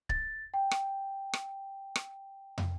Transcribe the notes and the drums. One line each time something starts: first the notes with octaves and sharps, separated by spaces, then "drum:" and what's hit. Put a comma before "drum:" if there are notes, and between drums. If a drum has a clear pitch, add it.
A6, drum: kick C#1
G5
drum: rim click
drum: rim click
drum: rim click
drum: tom